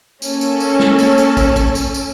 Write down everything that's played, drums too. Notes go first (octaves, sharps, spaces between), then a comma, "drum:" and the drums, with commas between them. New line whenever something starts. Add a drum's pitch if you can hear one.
A#3 C#4 A4, drum: tambourine
drum: tambourine
drum: tambourine
drum: snare
drum: tambourine
drum: tambourine
drum: kick, tambourine
drum: kick, tambourine
drum: tambourine
drum: tambourine